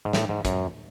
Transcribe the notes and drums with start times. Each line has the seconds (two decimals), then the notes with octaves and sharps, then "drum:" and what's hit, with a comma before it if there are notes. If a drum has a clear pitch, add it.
0.05 G#2
0.13 A2, drum: snare
0.29 G#2
0.45 F#2, drum: kick, hi-hat